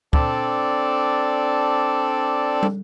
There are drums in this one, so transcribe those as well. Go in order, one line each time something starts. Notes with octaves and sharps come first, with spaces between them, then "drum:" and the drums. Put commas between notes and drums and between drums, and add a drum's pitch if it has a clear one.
C4 D4 A4 D5, drum: kick
drum: tom